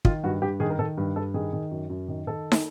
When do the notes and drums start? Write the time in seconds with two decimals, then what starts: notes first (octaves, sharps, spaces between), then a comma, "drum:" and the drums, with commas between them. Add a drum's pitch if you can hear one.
0.05 D#3 F4, drum: kick
0.24 G2 F#4
0.42 G2 G4
0.60 D#3 G#4
0.70 A#4
0.79 D#3 A4
0.97 G2
1.16 G2 A4
1.34 D#3 G#4
1.53 D#3
1.71 F#2
1.90 F#2
2.08 D#3
2.27 D#3 A4
2.52 drum: snare